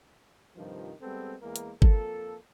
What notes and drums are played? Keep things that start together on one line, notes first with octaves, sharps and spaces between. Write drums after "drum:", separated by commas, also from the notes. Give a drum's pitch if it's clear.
G2 C3 D#3 F3
G3 G#3 B3 C4 A4
E2 G#3 A#3 A#4
drum: hi-hat
F2 A#3 A4, drum: kick G1